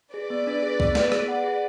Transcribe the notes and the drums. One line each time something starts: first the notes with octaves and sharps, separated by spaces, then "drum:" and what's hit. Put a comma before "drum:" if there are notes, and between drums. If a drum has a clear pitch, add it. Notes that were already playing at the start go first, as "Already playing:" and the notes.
G#4 B4 D5
B3
D4
G#4
B3, drum: kick C2
B3, drum: snare
G#4, drum: rim click
F#5
G#4